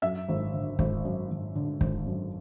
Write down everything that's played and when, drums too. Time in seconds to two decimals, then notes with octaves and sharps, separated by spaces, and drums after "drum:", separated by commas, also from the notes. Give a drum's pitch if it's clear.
0.02 F#2 E5
0.28 G#1
0.54 D3
0.79 G#1, drum: kick
1.05 F#2
1.30 G#1
1.55 D3
1.81 G#1, drum: kick
2.06 F#2